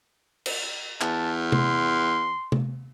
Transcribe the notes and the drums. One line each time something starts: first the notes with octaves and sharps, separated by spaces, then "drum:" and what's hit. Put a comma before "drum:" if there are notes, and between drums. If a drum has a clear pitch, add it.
drum: cymbal
E2 A5, drum: clap
C6, drum: tom C3
drum: tom C3